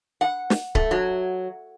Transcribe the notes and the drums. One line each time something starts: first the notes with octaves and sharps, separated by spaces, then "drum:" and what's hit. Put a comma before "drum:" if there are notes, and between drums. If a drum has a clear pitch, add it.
F#5
drum: snare
A3, drum: kick C#1
F#3